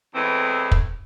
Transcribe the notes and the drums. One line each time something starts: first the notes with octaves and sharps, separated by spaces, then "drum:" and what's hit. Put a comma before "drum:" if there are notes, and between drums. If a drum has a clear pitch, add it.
E2 A2 E3 G#3 C4
drum: kick